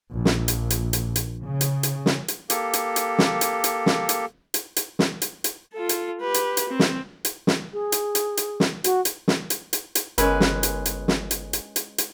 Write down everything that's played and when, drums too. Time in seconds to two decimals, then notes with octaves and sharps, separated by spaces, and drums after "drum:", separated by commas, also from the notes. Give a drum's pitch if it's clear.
0.14 A#1
0.25 drum: snare
0.48 drum: hi-hat
0.70 drum: hi-hat
0.93 drum: hi-hat
1.16 drum: hi-hat
1.42 C#3
1.61 drum: hi-hat
1.83 drum: hi-hat
2.06 drum: snare
2.28 drum: hi-hat
2.50 A#3 G4 A4, drum: hi-hat
2.73 drum: hi-hat
2.96 drum: hi-hat
3.19 drum: snare
3.41 drum: hi-hat
3.64 drum: hi-hat
3.86 drum: snare
4.09 drum: hi-hat
4.54 drum: hi-hat
4.76 drum: hi-hat
4.99 drum: snare
5.22 drum: hi-hat
5.44 drum: hi-hat
5.73 F4 A4
5.89 drum: hi-hat
6.20 G4 B4
6.34 drum: hi-hat
6.57 drum: hi-hat
6.69 C4
6.79 drum: snare
7.25 drum: hi-hat
7.47 drum: snare
7.73 G#4
7.92 drum: hi-hat
8.15 drum: hi-hat
8.37 drum: hi-hat
8.60 drum: snare
8.84 F#4, drum: hi-hat
9.05 drum: hi-hat
9.28 drum: snare
9.50 drum: hi-hat
9.73 drum: hi-hat
9.95 drum: hi-hat
10.18 G1 G#3 C#4 A#4 B4, drum: hi-hat
10.40 drum: snare
10.63 drum: hi-hat
10.86 drum: hi-hat
11.08 drum: snare
11.31 drum: hi-hat
11.53 drum: hi-hat
11.76 drum: hi-hat
11.98 drum: hi-hat